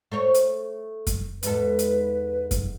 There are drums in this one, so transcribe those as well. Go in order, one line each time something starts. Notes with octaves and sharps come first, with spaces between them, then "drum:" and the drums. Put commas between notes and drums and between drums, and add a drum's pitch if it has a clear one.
A3 C5 C#5
drum: hi-hat
drum: kick F#2, hi-hat
E2 G#2 A4 B4, drum: hi-hat
drum: hi-hat
drum: kick F#2, hi-hat